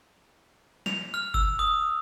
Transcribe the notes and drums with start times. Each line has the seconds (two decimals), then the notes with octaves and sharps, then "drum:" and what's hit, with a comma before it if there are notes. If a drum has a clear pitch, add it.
0.86 F7, drum: snare
1.14 F6
1.34 E6, drum: kick G1
1.59 D#6